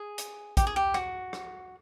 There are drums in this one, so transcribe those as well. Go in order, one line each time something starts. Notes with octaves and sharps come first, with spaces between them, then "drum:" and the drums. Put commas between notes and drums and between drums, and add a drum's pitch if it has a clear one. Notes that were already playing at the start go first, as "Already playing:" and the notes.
Already playing: G#4
drum: hi-hat
G4, drum: kick, hi-hat
G#4
G4
F#4, drum: rim click
drum: rim click